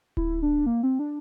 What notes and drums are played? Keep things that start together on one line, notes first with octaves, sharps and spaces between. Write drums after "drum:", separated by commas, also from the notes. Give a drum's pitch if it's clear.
E4, drum: kick D1
D4
A#3
C4
D4